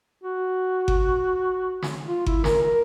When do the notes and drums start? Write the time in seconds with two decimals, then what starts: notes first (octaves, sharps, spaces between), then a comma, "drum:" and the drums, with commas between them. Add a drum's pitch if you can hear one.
0.24 F#4
0.88 drum: kick G1
1.82 drum: snare
2.07 F4
2.26 E4, drum: kick G1
2.44 A#4, drum: snare
2.63 A#4